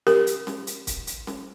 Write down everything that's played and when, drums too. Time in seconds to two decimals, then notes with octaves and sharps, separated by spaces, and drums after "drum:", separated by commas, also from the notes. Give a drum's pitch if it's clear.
0.07 G4 A#4, drum: snare C#4
0.27 drum: hi-hat
0.47 drum: snare C#4
0.67 drum: hi-hat
0.87 drum: kick, hi-hat
1.07 drum: hi-hat
1.27 drum: snare C#4